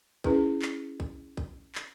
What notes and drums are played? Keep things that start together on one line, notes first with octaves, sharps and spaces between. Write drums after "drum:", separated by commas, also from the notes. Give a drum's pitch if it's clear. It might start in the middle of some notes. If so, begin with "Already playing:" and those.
C#4 E4 G#4 A#4 B4, drum: kick
drum: clap
drum: kick
drum: kick
drum: clap